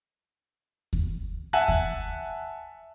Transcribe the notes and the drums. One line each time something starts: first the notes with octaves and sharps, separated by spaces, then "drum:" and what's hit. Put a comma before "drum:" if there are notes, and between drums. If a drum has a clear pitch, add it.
drum: kick D#2
E5 F#5 G#5 A5 F#6
drum: kick D#2